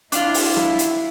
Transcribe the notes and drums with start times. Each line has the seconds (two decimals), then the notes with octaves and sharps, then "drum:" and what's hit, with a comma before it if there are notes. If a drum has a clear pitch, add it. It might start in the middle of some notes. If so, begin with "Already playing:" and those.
0.12 D4 E4 F4, drum: hi-hat
0.34 drum: open hi-hat
0.57 drum: rim click
0.79 drum: hi-hat